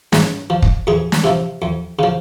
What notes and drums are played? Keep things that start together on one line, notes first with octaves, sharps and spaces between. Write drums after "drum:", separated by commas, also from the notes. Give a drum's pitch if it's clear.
G#2, drum: snare
F3
drum: kick
F2 G#4
drum: snare
C3 F3
F2
C#3 F3